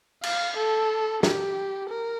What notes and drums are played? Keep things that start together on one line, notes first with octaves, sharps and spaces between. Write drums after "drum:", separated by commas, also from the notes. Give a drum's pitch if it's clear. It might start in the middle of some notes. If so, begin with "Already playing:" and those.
F5, drum: cymbal
A4
G4, drum: snare
A#4